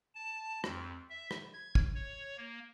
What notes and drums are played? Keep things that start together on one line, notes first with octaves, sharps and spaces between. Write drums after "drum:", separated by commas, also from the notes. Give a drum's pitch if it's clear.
A5
F2, drum: rim click
E5
drum: rim click
G#6
drum: kick
C#5
A#3